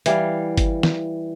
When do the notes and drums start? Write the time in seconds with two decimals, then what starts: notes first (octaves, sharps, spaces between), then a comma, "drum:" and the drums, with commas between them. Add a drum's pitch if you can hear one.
0.06 E3 G3 F5, drum: hi-hat
0.57 drum: kick G1, hi-hat
0.83 drum: snare